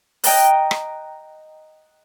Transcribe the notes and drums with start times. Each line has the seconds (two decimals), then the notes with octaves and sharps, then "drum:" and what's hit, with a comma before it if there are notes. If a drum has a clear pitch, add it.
0.24 D#5 G5 A#5 F#6, drum: open hi-hat
0.71 drum: rim click